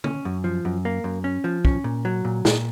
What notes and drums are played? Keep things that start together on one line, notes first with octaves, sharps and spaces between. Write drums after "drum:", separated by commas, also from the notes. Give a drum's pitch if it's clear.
C#4, drum: tom
F#2
F3
F#2
A#3
F#2
C#4
F3
C#4, drum: kick
A#2
F#3
A#2
A#2, drum: snare